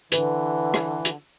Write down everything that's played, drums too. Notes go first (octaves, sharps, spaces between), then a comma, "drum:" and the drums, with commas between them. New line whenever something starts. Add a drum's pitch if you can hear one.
D3 E3 B4, drum: hi-hat
drum: rim click
drum: hi-hat